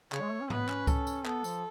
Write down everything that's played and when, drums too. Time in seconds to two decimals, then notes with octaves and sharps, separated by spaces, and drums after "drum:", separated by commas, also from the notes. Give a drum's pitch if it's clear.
0.12 C#3 C#5, drum: clap
0.21 G#3
0.31 A3
0.41 C#4
0.50 B3 B4, drum: tom G#2
0.69 C#4, drum: clap
0.87 A4, drum: kick C#2, tambourine
1.07 drum: tambourine
1.25 B3 A4, drum: clap
1.44 F3, drum: tambourine